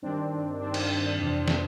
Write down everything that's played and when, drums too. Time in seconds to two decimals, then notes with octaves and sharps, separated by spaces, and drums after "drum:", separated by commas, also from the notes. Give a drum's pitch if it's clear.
0.02 G2 D#3 C4 D4
0.31 G2 D#3
0.60 G2 D#3 C4 D4
0.74 drum: cymbal
0.90 G2 D#3
1.18 F2 C3 E3
1.48 C3 E3, drum: snare